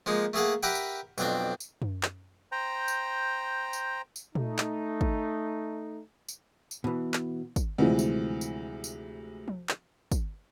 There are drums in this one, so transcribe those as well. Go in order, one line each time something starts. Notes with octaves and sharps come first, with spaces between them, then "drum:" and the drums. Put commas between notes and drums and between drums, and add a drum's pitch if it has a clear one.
F3 G#3 A#3 D#4
A3 A#3 G#4 F5 F#5
G4 A#4 B4 E5 F#5 G5
drum: tambourine
B1 F2 C4 D4 G5, drum: tambourine
drum: tambourine
drum: tom F#2
drum: clap
C5 G5 A#5
drum: tambourine
drum: tambourine
drum: tambourine
A3 D#4, drum: tom A#2
drum: clap
drum: kick
drum: tambourine
drum: tambourine
B2 E3
drum: clap
drum: kick, tambourine
D2 C3 E3 F3 G#3
drum: tambourine
drum: tambourine
drum: tambourine
drum: tom F3
drum: clap
drum: kick, tambourine